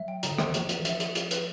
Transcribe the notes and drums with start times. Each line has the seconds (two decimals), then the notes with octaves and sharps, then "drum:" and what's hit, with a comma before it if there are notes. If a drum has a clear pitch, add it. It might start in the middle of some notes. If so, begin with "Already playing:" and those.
Already playing: F#3 E5
0.08 G5
0.23 C#3 A#5, drum: hi-hat
0.31 D3
0.38 D#3 C#6, drum: rim click
0.47 E3
0.54 F3 G#4, drum: hi-hat
0.69 B4, drum: hi-hat
0.80 E3
0.85 F3 E5, drum: hi-hat
1.00 G#4, drum: hi-hat
1.15 G#4, drum: hi-hat
1.31 B4, drum: hi-hat